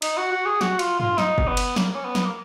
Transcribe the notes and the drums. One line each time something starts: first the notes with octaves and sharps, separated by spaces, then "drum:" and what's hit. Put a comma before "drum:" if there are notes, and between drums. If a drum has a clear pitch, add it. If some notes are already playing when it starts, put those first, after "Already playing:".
D#4, drum: cymbal
F#4
F#4
G#4
F#4, drum: snare
F4, drum: cymbal
F4, drum: tom G2
D#4, drum: snare
drum: kick
B3
drum: cymbal
A#3, drum: snare
C#4
B3
drum: snare
A#3